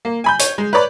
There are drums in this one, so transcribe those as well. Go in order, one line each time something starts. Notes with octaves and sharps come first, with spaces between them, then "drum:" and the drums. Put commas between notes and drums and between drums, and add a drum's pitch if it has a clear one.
A#3
G#5 B5 G6
C#5, drum: hi-hat
G#3
B4 C#5 D5 B5